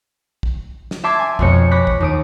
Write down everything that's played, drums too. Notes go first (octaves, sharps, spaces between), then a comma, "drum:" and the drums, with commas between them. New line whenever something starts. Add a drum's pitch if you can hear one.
drum: kick
drum: snare
E5 A5 C6 D6 G#6
G#5
F2 B2 G#3 C4 C#5 C#7, drum: kick
B5 C#6 D6 F#6 A#6 B6
drum: kick
D#2 D#6 D7